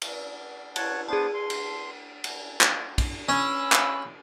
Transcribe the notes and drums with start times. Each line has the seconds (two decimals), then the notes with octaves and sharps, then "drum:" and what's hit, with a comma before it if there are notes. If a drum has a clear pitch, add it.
0.02 drum: cymbal
0.76 C#5 F#5 A5, drum: cymbal
1.08 B3 D4 G#4 C5 A5
1.34 C6
1.50 drum: cymbal
2.24 drum: cymbal
2.61 drum: clap
2.98 drum: kick, cymbal
3.29 C#4 B5 E6
3.72 drum: clap